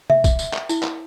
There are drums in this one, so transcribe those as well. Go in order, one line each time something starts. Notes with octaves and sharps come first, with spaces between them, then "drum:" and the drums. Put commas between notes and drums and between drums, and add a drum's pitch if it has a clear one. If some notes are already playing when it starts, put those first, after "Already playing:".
E5, drum: tom C3
drum: kick, tambourine
drum: tambourine
drum: clap
E4, drum: tambourine
drum: clap